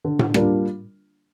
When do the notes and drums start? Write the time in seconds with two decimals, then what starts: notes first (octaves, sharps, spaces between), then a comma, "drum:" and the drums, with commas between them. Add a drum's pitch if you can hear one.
0.04 D3
0.19 drum: tom A2
0.34 G3 A#3 D4 F4, drum: rim click